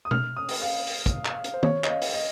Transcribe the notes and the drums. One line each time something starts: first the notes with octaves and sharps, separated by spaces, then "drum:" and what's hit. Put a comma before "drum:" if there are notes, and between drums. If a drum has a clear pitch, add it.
D#6
F6, drum: tom B2
D#6
drum: open hi-hat
F5
drum: open hi-hat
drum: kick, hi-hat
drum: clap
drum: hi-hat
C5
C#5, drum: tom
D#5, drum: clap
F5
drum: open hi-hat
D#5